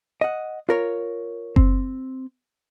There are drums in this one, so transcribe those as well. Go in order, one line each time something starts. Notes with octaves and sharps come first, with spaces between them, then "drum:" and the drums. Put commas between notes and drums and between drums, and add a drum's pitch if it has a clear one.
D#5 F#5
F4 A#4 C#5
C4, drum: kick F#1